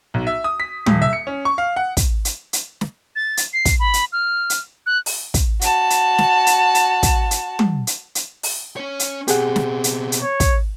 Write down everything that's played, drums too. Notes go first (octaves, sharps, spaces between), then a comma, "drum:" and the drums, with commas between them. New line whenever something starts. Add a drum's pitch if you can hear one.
B1
E5
D#6
B6
D#1, drum: tom
E5
C#7
C#4
C#6
F5
F#5
drum: kick, hi-hat
drum: hi-hat
drum: hi-hat
drum: snare
A6
drum: hi-hat
C7
drum: kick, hi-hat
B5
drum: hi-hat
F6
drum: hi-hat
F#6
drum: open hi-hat
drum: kick, hi-hat
F#4 A5, drum: hi-hat
drum: hi-hat
drum: snare
drum: hi-hat
drum: hi-hat
drum: kick, hi-hat
drum: hi-hat
drum: tom
drum: hi-hat
drum: hi-hat
drum: open hi-hat
C#4 C#5
drum: hi-hat
B2 C4 G4 G#4 F#5, drum: hi-hat
drum: snare
drum: hi-hat
drum: hi-hat
C#5
drum: kick, hi-hat